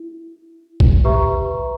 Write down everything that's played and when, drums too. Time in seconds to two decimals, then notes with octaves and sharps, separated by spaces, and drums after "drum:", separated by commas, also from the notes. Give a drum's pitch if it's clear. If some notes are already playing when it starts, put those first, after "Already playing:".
Already playing: E4
0.80 drum: kick
1.05 G4 B4 E5 A#5 C#6